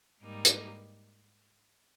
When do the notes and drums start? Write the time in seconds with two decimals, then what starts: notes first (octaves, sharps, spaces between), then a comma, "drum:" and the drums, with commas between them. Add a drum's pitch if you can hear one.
0.21 G#2 G3 A#3 D#4
0.45 drum: hi-hat